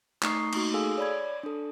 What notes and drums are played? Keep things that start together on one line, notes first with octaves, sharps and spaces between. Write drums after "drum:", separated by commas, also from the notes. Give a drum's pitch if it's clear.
A3 D#4 A#5 C#6 D#6 C7, drum: clap
A3 A#3 D#4 F#4, drum: cymbal
G#4 A4 F5 G#5 D#6 E6
C#5 D5 B5 G#6
D4 A4